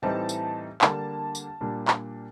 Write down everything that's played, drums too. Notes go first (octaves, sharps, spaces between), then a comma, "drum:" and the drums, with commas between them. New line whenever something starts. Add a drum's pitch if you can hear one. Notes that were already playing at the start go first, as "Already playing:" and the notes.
A2 E3 G3 C4 D#4 A5
drum: tambourine
D3 G3 A#3 D4 A5, drum: clap
drum: tambourine
A#2 G3 A#3 D4
drum: clap